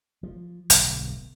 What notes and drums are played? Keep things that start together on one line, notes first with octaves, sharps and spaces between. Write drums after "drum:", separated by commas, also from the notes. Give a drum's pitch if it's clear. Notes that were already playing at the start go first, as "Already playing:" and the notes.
F3
D1 B1 G2 D3, drum: hi-hat